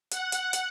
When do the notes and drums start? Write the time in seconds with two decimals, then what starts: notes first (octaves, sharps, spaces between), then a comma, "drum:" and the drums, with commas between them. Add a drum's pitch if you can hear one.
0.11 F#5, drum: hi-hat
0.32 drum: hi-hat
0.53 drum: hi-hat